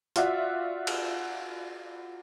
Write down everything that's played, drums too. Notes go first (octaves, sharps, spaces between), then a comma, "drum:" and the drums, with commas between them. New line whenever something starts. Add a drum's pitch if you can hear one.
F4 F#4 D5 E5, drum: hi-hat
drum: cymbal